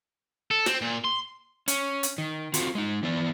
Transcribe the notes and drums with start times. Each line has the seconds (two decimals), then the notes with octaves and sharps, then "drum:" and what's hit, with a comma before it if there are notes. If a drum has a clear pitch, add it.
0.51 A4
0.66 C4, drum: snare
0.82 A#2
1.05 C6
1.68 C#4, drum: hi-hat
2.03 drum: hi-hat
2.18 D#3
2.54 C4 F4 F#4, drum: hi-hat
2.75 G#3 D#4
3.03 E3 B3 D5